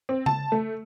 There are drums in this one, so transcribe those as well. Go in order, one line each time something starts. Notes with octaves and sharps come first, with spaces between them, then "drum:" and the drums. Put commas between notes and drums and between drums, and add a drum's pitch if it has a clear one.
C4
A5, drum: tom C#3
A3